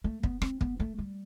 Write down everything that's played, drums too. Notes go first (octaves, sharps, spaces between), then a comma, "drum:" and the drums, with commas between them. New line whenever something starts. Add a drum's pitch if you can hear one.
A3
B3, drum: kick
C4, drum: rim click
B3, drum: kick
A3
G3